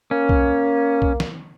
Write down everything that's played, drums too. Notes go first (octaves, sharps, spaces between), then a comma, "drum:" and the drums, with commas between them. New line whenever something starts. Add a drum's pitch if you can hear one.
A#3 C#4
drum: kick B1
drum: kick B1
drum: snare